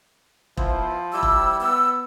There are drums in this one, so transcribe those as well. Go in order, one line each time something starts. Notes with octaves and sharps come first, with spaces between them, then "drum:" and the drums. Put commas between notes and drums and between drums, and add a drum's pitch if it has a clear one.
F3 B3 E4 C5, drum: kick E1
G3 E4 G4 E6
drum: kick E1
B3 E6